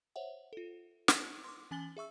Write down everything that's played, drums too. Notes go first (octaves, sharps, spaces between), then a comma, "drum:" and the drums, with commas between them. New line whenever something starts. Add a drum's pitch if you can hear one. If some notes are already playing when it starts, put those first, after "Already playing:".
C5 C#5 E5 F#5
F4 A4
drum: snare
C6 D6
E3 C#4 G#5 A6 F#7 G7
G#4 E5 C#6 E6